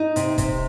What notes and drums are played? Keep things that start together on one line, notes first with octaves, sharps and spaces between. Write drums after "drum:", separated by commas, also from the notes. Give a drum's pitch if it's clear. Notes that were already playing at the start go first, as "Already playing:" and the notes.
Already playing: D#4
C3, drum: hi-hat
C3, drum: kick E1, hi-hat